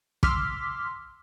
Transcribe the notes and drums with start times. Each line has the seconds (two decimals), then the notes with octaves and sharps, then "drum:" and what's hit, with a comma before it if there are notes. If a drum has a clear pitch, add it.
0.23 C6 D6 E6 F6 B6, drum: kick